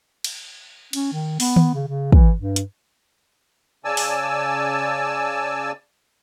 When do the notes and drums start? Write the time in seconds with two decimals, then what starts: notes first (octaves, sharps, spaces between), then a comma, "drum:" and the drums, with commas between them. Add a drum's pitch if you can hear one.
0.24 drum: cymbal
0.93 C#4, drum: cymbal
1.13 D#3
1.40 B3, drum: open hi-hat
1.56 drum: tom D#3
1.74 C#3
1.88 C#3
2.12 E3, drum: kick
2.38 G2
2.56 drum: hi-hat
3.85 C#3 D5 G#5 A5 E6
3.97 drum: open hi-hat